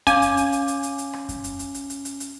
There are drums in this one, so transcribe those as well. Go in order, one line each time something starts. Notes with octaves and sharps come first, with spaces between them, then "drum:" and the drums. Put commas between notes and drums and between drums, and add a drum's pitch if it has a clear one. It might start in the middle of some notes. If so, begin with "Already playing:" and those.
C#4 F5 G#5 D6, drum: kick F#2, hi-hat
drum: hi-hat
drum: hi-hat
drum: hi-hat
drum: hi-hat
drum: hi-hat
drum: hi-hat
drum: rim click
drum: kick F#2, hi-hat
drum: hi-hat
drum: hi-hat
drum: hi-hat
drum: hi-hat
drum: hi-hat
drum: hi-hat